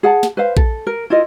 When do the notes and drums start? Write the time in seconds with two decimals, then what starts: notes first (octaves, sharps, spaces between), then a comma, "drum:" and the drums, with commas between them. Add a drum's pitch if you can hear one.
0.03 G#4 F#5 A5
0.23 drum: snare
0.37 B4 C5 F5
0.57 A4, drum: kick A#1
0.87 A#4
1.10 E4 F4 A#4 D#5